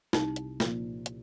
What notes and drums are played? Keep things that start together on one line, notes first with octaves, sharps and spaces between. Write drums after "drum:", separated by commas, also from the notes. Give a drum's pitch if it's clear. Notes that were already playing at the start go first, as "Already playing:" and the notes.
C2 D#4, drum: snare
drum: hi-hat
A#2 F3, drum: snare
drum: hi-hat